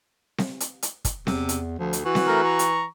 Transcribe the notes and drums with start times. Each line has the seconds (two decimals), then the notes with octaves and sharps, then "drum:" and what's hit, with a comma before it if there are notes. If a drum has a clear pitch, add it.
0.38 drum: snare C4
0.60 drum: hi-hat
0.83 drum: hi-hat
1.05 drum: kick, hi-hat
1.27 E2 C3, drum: snare C4
1.49 drum: hi-hat
1.79 D2 F3
1.93 drum: hi-hat
2.05 E3 F#4
2.15 drum: snare C4
2.27 A3 A#4
2.44 A#5 C#6
2.59 drum: hi-hat